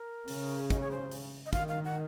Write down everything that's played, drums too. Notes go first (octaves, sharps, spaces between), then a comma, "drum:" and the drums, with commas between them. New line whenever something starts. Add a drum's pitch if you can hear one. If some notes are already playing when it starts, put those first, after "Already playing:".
Already playing: A#4
C#3, drum: open hi-hat
D#5, drum: kick, hi-hat
C#5
C5
drum: open hi-hat
D#5
D#3 F5, drum: kick, hi-hat
F5
F#5